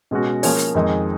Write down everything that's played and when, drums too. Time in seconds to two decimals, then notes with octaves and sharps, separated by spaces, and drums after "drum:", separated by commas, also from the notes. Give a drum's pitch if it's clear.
0.11 B2 G#3 C#4 F#4
0.43 F3 A#3 C#4 G#4 C#5, drum: open hi-hat
0.59 drum: hi-hat
0.75 F2 D#3 G#3 D#4 G#4